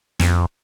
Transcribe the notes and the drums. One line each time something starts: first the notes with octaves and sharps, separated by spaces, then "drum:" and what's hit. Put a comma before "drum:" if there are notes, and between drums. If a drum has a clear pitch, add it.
F2, drum: snare